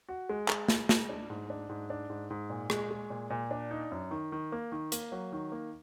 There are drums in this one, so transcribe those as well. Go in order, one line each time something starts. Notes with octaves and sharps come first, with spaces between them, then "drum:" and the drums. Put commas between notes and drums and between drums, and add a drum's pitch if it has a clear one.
F#4
G#3
G#3, drum: clap
G#3, drum: snare
G#3, drum: snare
D4
G#2
D4
G#2
D4
G#2
G#2
A#2
G#3, drum: rim click
G#3
A#2
A#2
D4
D#4
F#2
D#3
D#3
A#3
D#3
A#3, drum: hi-hat
F#3
D#3
A#3